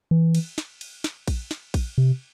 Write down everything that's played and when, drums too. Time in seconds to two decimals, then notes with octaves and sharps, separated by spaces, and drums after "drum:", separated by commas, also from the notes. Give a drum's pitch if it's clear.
0.11 E3
0.35 drum: cymbal
0.58 drum: snare
0.81 drum: cymbal
1.04 drum: snare
1.28 drum: kick A#1, cymbal
1.51 drum: snare
1.74 drum: kick A#1, cymbal
1.98 C3